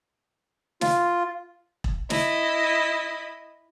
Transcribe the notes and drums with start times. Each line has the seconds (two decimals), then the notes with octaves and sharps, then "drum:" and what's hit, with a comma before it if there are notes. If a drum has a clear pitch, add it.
0.81 F4, drum: snare
1.84 drum: kick E1
2.10 E4 D#5, drum: snare